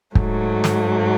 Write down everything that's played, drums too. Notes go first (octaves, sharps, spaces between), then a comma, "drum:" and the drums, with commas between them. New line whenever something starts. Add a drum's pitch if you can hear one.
G#2 F#3 A3, drum: kick
drum: snare